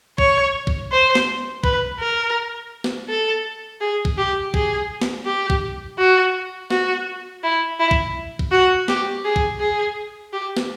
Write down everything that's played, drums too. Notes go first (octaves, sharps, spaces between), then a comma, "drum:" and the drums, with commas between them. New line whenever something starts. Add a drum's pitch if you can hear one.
C#5, drum: kick
drum: kick
C5
drum: snare
B4, drum: kick
A#4
drum: snare
A4
G#4
drum: kick
G4
G#4, drum: kick
drum: snare
G4
drum: kick
F#4
F#4, drum: snare
E4
E4
drum: kick
drum: kick
F#4
G4, drum: snare
G#4
drum: kick
G#4
G4
drum: snare